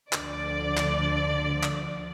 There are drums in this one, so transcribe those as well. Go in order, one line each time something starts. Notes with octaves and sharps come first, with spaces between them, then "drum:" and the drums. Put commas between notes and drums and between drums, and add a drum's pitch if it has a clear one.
D2 D3 F3 D5, drum: clap
drum: clap
drum: clap